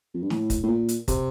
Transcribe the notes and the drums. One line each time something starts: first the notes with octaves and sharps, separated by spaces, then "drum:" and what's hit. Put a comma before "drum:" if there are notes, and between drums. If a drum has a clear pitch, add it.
F2
G2
A2, drum: snare
drum: kick, hi-hat
A2
A#2
drum: hi-hat
C3, drum: kick, hi-hat